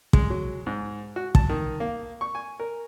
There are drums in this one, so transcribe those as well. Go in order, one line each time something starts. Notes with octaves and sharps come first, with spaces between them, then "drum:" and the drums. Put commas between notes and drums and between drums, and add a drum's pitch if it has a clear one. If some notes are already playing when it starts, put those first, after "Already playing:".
G#3, drum: kick
F#3
G#2
F#4
A5, drum: kick
D#3
A#3
C#6
G#5
A#4